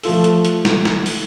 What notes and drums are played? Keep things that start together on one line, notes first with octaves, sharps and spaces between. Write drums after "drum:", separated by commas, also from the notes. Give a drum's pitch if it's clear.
F3 A3 F4 A4, drum: open hi-hat
drum: hi-hat
drum: hi-hat
drum: snare
drum: snare
drum: open hi-hat